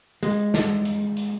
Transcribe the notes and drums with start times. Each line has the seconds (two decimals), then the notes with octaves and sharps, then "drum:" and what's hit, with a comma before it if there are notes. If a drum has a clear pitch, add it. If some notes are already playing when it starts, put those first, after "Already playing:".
0.23 G#3, drum: hi-hat
0.54 drum: snare
0.85 drum: hi-hat
1.17 drum: hi-hat